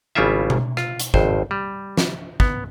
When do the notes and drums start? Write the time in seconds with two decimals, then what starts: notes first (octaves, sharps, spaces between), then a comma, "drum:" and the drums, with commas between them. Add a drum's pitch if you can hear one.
0.15 G#1 C#3 G3 E4 F4 E5
0.50 drum: tom B2
0.77 F4, drum: rim click
1.00 drum: hi-hat
1.14 G#1 F2 C5, drum: kick
1.51 G3
1.97 drum: snare
2.40 B3, drum: kick